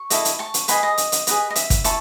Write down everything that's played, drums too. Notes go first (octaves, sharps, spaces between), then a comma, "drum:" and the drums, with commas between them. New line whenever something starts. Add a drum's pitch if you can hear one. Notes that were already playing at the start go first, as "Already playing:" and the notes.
Already playing: C#6
E4 A4 D#5, drum: hi-hat
drum: hi-hat
A5 C#6
drum: hi-hat
G#4 B4 D#5 G#5 B5, drum: hi-hat
D#5
drum: hi-hat
drum: hi-hat
G#4 B4 D#5, drum: hi-hat
D#5
E5, drum: hi-hat
drum: kick, hi-hat
E4 A5 C#6, drum: hi-hat